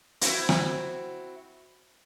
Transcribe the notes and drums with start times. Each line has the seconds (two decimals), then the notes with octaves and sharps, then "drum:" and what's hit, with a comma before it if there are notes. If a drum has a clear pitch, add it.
0.21 C4 E4 F#4, drum: hi-hat
0.49 drum: rim click